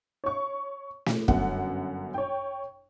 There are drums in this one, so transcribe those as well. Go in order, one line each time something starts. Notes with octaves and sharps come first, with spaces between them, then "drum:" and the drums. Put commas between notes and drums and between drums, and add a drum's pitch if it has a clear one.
C#5 C#6
drum: snare
G1 F#2 B3 F#5, drum: kick
C#5 G5